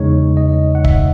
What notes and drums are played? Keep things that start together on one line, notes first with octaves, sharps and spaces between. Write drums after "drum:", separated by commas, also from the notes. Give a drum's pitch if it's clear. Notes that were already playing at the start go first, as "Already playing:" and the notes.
Already playing: E2 C#3 G#3 D#4 C#5
D#5
F#5
E5, drum: kick D1